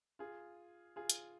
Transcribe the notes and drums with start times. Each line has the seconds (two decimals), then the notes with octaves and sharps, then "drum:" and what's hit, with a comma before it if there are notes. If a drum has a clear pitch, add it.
0.19 F4 G#4
0.96 F4 G#4
1.10 drum: hi-hat